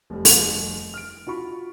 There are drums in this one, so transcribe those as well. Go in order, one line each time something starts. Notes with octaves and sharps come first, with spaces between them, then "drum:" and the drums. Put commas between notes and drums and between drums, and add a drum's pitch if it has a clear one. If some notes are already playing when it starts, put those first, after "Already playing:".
F1 G3
drum: open hi-hat
F6 D7
F4 F#4 B5 C#6